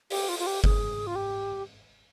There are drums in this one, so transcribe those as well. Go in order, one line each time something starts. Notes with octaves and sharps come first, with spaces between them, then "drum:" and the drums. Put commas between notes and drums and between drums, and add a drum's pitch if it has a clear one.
G4, drum: open hi-hat
F4
F4
G4
G#4, drum: kick G1
F4
G4